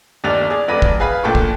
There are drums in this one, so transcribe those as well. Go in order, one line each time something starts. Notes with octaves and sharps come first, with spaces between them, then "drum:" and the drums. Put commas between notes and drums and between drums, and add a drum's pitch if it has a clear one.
G1 D#2 D5 A6 F7
G#4 D5
F1 B4 D5 B5 A#6 D#7
drum: kick
G#4 B4 F5 B5
G1 A#2 A4 G5 C#6
drum: kick